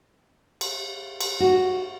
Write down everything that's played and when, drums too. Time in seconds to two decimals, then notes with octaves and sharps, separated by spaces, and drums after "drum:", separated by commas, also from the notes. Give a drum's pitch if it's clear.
0.61 drum: cymbal
1.21 drum: cymbal
1.40 F#4